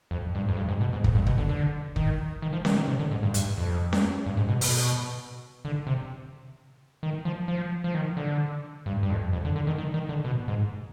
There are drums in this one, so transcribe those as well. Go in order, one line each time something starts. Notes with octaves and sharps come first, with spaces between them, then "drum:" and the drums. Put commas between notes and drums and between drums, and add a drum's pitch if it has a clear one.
F2
G2
F2
G2
G#2
B2
G#2
F2, drum: kick
G2
B2, drum: kick
D3
D3
D#3, drum: kick
D#3
F3
D#3, drum: snare C#4
D#3
C3
D3
G#2
G2
G2, drum: hi-hat
F2
drum: snare C#4
G2
G#2
B2
B2, drum: open hi-hat
D3
C3
D#3
F3
F3
F3
D#3
D3
G2
G2
F2
F2
D3
D3
D#3
D#3
D#3
D3
B2
G#2